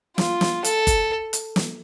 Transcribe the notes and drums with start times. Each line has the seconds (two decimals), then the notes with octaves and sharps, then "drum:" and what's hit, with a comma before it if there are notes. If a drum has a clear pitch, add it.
0.18 F4, drum: snare
0.41 drum: snare
0.64 A4, drum: hi-hat
0.87 drum: kick G1, hi-hat
1.33 drum: hi-hat
1.56 drum: snare